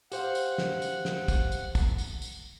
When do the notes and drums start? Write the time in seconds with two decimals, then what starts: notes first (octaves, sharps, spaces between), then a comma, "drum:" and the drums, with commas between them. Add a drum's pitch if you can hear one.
0.12 G4 C5 F5 F#5, drum: tambourine
0.35 drum: tambourine
0.58 drum: snare
0.82 drum: tambourine
1.05 drum: snare
1.28 drum: kick, tambourine
1.52 drum: tambourine
1.75 drum: kick, tambourine
1.98 drum: tambourine
2.22 drum: tambourine